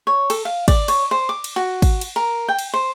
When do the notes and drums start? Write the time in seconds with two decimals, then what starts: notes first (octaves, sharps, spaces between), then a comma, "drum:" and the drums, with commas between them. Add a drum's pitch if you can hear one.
0.07 C#5
0.30 A4, drum: cymbal
0.45 F5
0.68 D5, drum: kick, cymbal
0.88 C#5, drum: cymbal
1.11 C5
1.29 D6
1.44 drum: cymbal
1.56 F#4
1.82 drum: kick, cymbal
2.01 drum: cymbal
2.16 A#4
2.48 G5
2.59 drum: cymbal
2.74 C5